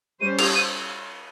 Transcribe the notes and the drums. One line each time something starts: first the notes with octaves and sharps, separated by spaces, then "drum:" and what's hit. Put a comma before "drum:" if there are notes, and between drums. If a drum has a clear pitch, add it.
G3 C#4 G4 C5 D#7
F7, drum: cymbal
D#7